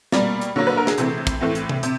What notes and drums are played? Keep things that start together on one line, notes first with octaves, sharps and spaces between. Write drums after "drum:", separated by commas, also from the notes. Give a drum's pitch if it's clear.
B2 G3 A#3 D5, drum: snare
drum: hi-hat
D3 F#3 A#3 C#5
B4
A#4
G#4, drum: snare
C3 E3 A3 C4, drum: hi-hat
drum: kick, hi-hat
A2 E3 A3 C4
drum: hi-hat
drum: tom C3
C3, drum: hi-hat